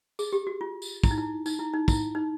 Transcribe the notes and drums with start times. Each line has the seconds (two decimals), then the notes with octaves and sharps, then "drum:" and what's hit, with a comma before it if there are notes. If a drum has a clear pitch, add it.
0.19 G#4, drum: tambourine
0.33 G4
0.47 F#4
0.61 F4
0.82 drum: tambourine
1.04 E4, drum: kick, tambourine
1.11 D#4
1.18 E4
1.46 D#4, drum: tambourine
1.59 E4
1.73 D#4
1.88 E4, drum: kick, tambourine
2.15 D#4